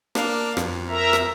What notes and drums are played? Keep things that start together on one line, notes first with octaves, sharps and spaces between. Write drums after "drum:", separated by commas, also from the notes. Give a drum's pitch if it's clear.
A#3 D4 F5, drum: rim click
F2, drum: rim click
A#4 E5 A#5
drum: rim click